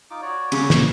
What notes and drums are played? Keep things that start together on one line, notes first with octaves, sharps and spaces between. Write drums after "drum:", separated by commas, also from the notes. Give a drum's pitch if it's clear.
D#4 F4 D6
F#4 C#5 D5
C#3, drum: cymbal
A#2, drum: snare